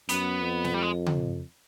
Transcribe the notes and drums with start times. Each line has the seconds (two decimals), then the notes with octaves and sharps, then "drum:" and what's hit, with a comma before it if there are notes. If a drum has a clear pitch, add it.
0.09 F#2 B3, drum: hi-hat
0.42 F2
0.64 drum: snare
0.74 G3
0.82 G#3
1.06 drum: tom C#3